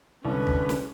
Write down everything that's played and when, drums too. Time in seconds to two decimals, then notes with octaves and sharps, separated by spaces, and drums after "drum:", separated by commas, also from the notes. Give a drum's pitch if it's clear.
0.25 C2 D3 G#3 C#4 B4
0.47 drum: kick
0.69 drum: snare